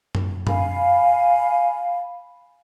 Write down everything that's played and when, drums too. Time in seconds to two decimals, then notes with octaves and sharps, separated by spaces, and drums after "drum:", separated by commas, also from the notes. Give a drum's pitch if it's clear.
0.15 drum: tom F#2
0.47 F5 G#5 B5, drum: tom F#2